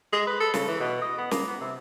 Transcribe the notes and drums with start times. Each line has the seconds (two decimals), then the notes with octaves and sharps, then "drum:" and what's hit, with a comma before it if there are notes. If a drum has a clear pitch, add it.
0.13 G#3
0.27 B4
0.41 A4
0.54 C#3, drum: snare
0.68 E3
0.80 B2
1.02 D#5
1.18 B3
1.31 A#3, drum: snare
1.48 B3
1.61 C3